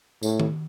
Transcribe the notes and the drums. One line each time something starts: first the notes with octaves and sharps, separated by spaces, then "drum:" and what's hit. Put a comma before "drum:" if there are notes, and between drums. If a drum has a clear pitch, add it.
A2, drum: tambourine
drum: tom D#3